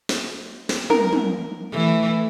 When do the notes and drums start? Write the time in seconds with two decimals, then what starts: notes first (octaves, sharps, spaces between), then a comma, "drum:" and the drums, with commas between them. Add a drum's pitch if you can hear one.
0.09 drum: snare
0.69 drum: snare
0.90 A#4, drum: tom
1.13 drum: tom
1.72 E3 A3